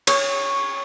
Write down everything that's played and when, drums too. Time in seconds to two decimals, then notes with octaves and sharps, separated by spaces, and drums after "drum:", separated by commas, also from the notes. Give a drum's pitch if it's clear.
0.07 C#5, drum: cymbal